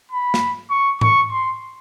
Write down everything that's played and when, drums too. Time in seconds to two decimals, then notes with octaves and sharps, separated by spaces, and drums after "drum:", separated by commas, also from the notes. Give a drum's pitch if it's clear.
0.11 B5
0.34 drum: snare
0.70 C#6
1.01 C#6, drum: tom G#2
1.31 C6